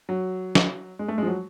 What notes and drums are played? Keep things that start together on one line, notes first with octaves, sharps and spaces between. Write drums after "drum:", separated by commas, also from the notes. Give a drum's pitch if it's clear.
F#3
drum: snare
G#3
A3
G#3
F3
F#3